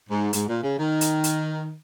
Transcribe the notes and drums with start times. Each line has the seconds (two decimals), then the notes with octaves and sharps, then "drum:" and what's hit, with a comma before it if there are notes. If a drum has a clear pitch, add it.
0.10 G#2
0.33 G#2, drum: hi-hat
0.48 A#2
0.62 C#3
0.78 D#3
1.01 drum: hi-hat
1.24 drum: hi-hat